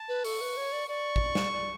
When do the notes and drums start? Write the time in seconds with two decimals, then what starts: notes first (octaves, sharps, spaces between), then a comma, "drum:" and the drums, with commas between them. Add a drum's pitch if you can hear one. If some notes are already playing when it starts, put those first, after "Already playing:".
Already playing: A5
0.09 B4
0.24 A4 C#6, drum: open hi-hat
0.41 B4
0.57 C#5
0.72 D5
0.89 D5 C#6
1.16 drum: kick
1.35 drum: snare
1.53 D5